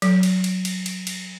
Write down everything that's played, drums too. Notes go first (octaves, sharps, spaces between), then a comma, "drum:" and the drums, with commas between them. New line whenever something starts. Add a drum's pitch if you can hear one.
F#3, drum: cymbal
drum: cymbal
drum: cymbal
drum: cymbal
drum: cymbal
drum: cymbal